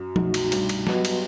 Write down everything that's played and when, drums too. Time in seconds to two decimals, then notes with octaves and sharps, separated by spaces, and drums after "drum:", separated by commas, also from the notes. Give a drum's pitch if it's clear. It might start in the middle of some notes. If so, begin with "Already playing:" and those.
Already playing: F#2 F#3
0.16 C2 B2 A3 D#4 F#4, drum: tom F3
0.34 drum: cymbal
0.52 G2 G3, drum: cymbal
0.69 drum: cymbal
0.87 F#3 B3 F#4 B4 D#5, drum: snare
1.05 drum: cymbal